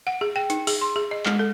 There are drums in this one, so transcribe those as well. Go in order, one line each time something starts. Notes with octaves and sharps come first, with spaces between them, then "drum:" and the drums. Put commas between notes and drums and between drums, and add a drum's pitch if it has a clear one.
F#5
G#4
G5
D#4, drum: hi-hat
G#4, drum: open hi-hat
C6
G#4
D#5
G#3, drum: clap
A4